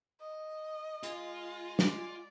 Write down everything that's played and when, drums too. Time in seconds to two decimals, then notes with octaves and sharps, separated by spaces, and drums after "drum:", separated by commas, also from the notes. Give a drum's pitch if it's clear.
0.20 D#5
1.03 G#3 F4, drum: hi-hat
1.79 D5, drum: snare